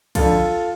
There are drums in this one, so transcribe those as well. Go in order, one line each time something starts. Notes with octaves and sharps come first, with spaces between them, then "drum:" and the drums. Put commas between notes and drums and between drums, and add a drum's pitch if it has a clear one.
F2 D3 F4 A4, drum: kick, cymbal